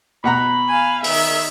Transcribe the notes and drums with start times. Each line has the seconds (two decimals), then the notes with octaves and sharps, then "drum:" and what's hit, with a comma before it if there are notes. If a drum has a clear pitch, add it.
0.24 B2 F#5 A#5 B5
0.68 F5 G#5
1.04 D#3 E5, drum: open hi-hat